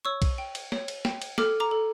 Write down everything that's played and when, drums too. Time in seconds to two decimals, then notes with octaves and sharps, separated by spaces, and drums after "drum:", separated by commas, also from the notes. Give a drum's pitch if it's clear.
0.05 C#5 C#6 E6
0.22 drum: kick B1, cymbal
0.38 G5
0.55 drum: cymbal
0.72 C#5, drum: snare
0.88 drum: cymbal
1.05 G5, drum: snare
1.22 drum: cymbal
1.38 A4 D6 F6, drum: snare
1.60 A#5 D6
1.71 A4